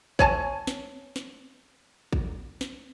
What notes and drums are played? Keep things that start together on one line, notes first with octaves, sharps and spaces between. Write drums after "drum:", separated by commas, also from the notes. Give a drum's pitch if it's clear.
C#5 G#5 A5, drum: kick A1
drum: snare
drum: snare
drum: kick A1
drum: snare